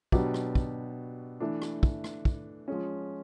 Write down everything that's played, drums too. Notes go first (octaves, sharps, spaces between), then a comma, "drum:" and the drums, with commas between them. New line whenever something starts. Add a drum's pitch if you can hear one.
B2 F#3 B3 D4 G4, drum: kick
drum: rim click
drum: kick
E3 A3 D4
drum: rim click
drum: kick
drum: rim click
drum: kick
F3 G#3 C#4